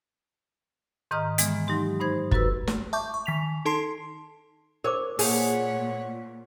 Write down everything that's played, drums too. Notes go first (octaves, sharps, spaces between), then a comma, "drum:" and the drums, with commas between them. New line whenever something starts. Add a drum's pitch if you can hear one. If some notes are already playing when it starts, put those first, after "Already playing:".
G#2 D#3 D#5 A#5 D#6 F6
E3 G#3 B3, drum: hi-hat
F#3 D#4 G4 C6
G2 D#4 C5 G#6
F#2 F#4 A4 B4 E6, drum: kick
drum: snare
E5 A5 C#6 D6 G6
C#6
D#3 B6 F7
D#4 A4 A5 C6 C7
A#4 C5 C#5 D6
A#2 G#4 C#5 F#5, drum: open hi-hat